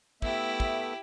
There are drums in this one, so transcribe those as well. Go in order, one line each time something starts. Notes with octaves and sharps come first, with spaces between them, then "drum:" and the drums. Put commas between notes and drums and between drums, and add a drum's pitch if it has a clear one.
A3 B3 E4 G4 E5, drum: kick
drum: kick